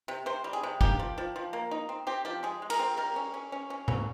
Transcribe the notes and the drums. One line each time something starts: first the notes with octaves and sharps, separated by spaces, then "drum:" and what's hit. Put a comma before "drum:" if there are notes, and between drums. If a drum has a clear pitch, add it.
C3
C3 C5
G3
G#4
C3
A#3 G4, drum: kick
F3
F3
F3
A#3
D#4
C4
C4 G4
F3 G4
G#3 G#4
G#3
A#4, drum: cymbal
C4
G3 A#4
C#4
C#4
C#4
C#4
C#4, drum: tom A2